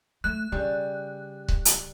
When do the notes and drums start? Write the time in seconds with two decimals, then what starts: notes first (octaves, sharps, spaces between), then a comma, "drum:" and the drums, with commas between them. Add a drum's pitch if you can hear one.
0.24 A3 F#6
0.52 C#3 G3
1.48 drum: kick C#1
1.65 drum: hi-hat